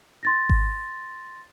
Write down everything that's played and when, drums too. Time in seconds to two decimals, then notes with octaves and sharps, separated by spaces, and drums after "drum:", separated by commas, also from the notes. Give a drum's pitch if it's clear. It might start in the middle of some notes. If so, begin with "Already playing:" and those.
0.23 C6 A6 A#6
0.49 drum: kick G#1